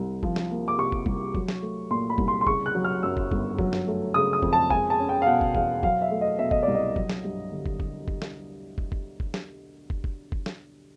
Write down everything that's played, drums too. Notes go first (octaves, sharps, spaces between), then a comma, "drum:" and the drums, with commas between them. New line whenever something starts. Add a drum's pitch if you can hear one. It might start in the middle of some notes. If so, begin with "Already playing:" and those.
Already playing: C2
F3, drum: kick
drum: snare
A#3
D6
C3 C#6
drum: kick
C2, drum: kick
F#3, drum: kick
drum: snare
A3
A#2 C6
B5
C2, drum: kick
C6
C6
C#3 C#6, drum: kick
F#6
F#3
F6
F#2 E6
drum: kick
G1, drum: kick
F#3, drum: kick
drum: snare
A3
C#3 D#6
D#6
F2, drum: kick
A5
G#3 G#5, drum: kick
A5
C#4
G5
F5
B2 F#5
drum: kick
E2 F5, drum: kick
F#3 F5, drum: kick
E5
A3
D#5
B2 E5
D#5, drum: kick
C2 D5
D#5
F#3, drum: kick
drum: snare
G2
D3
drum: kick
drum: kick
drum: kick
drum: snare
drum: kick
drum: kick
drum: kick
drum: snare
drum: kick
drum: kick
drum: kick
drum: snare